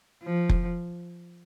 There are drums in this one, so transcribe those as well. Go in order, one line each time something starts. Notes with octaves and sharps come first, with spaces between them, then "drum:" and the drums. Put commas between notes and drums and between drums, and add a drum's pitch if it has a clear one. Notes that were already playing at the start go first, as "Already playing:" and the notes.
F3
drum: kick F1